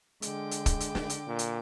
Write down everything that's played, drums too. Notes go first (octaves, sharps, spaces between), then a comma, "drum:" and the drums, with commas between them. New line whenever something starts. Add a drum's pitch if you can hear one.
D3 G#3 G5 D6, drum: hi-hat
drum: hi-hat
drum: kick, hi-hat
drum: hi-hat
drum: snare
drum: hi-hat
A#2
drum: hi-hat